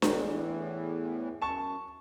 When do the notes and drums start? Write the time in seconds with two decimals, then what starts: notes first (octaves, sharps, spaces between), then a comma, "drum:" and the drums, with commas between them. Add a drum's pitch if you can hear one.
0.02 E2 A2 E3, drum: snare D4
1.42 F#2 A5 C#6